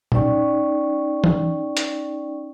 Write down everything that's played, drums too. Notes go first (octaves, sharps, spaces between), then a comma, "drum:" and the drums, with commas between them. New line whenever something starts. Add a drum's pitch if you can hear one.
C#4 D#4 D5 G5 C#6, drum: tom A#2
drum: tom E3
drum: hi-hat